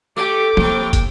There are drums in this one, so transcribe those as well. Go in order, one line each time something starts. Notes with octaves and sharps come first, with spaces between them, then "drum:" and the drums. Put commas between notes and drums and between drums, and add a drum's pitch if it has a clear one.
A3 G4 D6
A2 C3 A#3 G5, drum: tom
drum: kick, hi-hat